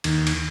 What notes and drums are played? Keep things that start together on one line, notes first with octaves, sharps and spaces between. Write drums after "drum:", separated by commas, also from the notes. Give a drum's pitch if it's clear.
D#2, drum: cymbal
drum: cymbal